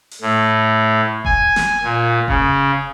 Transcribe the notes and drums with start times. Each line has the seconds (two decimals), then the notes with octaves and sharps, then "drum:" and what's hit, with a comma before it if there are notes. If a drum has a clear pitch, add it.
0.11 drum: open hi-hat
0.22 A2
1.25 G#5, drum: kick F1
1.56 drum: snare
1.83 A#2
2.28 C#3, drum: kick F1